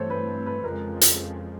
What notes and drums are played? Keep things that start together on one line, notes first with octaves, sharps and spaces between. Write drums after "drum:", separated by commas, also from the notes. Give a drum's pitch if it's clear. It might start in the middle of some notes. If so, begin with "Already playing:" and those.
Already playing: G2 E3 A3 C4 A4 C5 C#5
B4
B4
F2 C#3 F3 G#3 A#4
drum: hi-hat